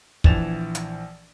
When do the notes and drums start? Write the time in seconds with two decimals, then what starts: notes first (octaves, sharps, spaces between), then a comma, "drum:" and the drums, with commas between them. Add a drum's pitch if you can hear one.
0.24 A#1 E3 F3 A6 E7 F7, drum: kick
0.75 drum: hi-hat